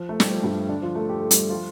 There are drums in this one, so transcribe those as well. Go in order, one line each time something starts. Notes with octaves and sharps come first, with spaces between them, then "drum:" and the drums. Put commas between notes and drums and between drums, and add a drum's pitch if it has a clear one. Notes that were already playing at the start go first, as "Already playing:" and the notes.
Already playing: F3
A3
G3, drum: snare
F3
G2 G3
D3 D4
F3 F4
A3 A4
G4
A4
G3 G4, drum: hi-hat
F3 F4